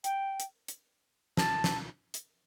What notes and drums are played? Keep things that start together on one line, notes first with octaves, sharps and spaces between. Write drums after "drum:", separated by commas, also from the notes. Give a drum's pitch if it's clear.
G5, drum: hi-hat
drum: hi-hat
drum: hi-hat
A5, drum: snare
drum: snare
drum: hi-hat